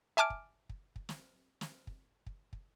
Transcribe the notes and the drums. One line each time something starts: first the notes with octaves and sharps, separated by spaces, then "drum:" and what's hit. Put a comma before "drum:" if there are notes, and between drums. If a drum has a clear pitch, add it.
E5 G#5 A5 D6 F6 D7
drum: kick
drum: kick
drum: kick
drum: snare
drum: snare
drum: kick
drum: kick
drum: kick